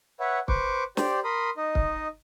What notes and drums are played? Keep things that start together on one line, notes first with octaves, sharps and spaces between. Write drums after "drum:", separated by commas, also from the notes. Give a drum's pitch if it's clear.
B4 C#5 E5 F#5
B4 C5 C#6 D6, drum: kick
G4 C5 D5, drum: snare
A#4 B5 C6 D#6
D#4 D#5
drum: kick